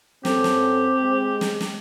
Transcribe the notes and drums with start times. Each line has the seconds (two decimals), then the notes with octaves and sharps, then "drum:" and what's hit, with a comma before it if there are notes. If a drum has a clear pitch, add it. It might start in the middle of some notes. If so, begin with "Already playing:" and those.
0.25 F#2 C4 G4 A4, drum: snare
0.44 drum: snare
1.00 G#3
1.41 drum: snare
1.61 drum: snare